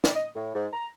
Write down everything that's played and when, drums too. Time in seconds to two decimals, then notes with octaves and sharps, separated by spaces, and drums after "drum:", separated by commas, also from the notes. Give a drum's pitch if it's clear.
0.04 D5, drum: snare
0.15 D#5
0.35 A2
0.54 G#2
0.73 A#5